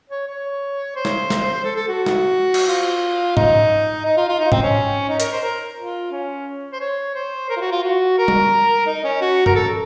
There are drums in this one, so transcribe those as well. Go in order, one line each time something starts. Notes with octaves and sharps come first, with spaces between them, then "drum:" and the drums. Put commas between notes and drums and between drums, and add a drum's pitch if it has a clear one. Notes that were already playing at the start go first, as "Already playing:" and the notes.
C#5
C#5
C5
drum: snare
drum: snare
A4
A4
F#4
drum: snare
drum: cymbal
F4
D#4, drum: tom G#2
D#4
F4
F4
D#4
C4, drum: tom G#2
C#4
D#4
A#4, drum: hi-hat
C5
A#4
F4
C#4
C5
C#5
C5
A#4
F4
F#4
F4
F#4
A#4
drum: tom G3
D#4
C#4
F#4
A#4, drum: tom G2
A4